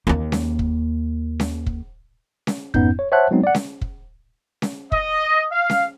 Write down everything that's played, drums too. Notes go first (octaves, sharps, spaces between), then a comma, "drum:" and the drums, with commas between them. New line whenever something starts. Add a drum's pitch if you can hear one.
D#2 A#3
drum: snare C#4
drum: kick
drum: snare C#4
drum: kick
drum: snare C#4
F2 G#2 B3 C#4 D#4 G6, drum: kick
C#5
C5 C#5 E5 F#5 A5 F#6
F#3 G#3 B3 C4 D#4
D5 F#5
drum: snare C#4
drum: kick
drum: snare C#4
D#5, drum: kick
F5
drum: snare C#4